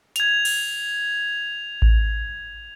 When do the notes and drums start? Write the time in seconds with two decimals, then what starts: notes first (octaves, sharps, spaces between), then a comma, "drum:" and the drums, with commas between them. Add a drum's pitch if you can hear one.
0.16 G#6 F7, drum: hi-hat
0.45 drum: cymbal
1.82 drum: kick A1